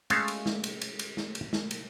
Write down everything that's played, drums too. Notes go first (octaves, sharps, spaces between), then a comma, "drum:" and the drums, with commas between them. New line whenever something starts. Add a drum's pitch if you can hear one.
G#3 A3 C#4 A4 F5, drum: cymbal
drum: cymbal
drum: snare
drum: cymbal
drum: cymbal
drum: cymbal
drum: snare
drum: cymbal
drum: snare
drum: cymbal